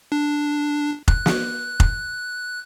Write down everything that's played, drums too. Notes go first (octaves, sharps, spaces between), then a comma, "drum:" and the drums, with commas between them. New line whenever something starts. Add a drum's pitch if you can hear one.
D4
F#6, drum: kick F1
drum: snare
drum: kick F1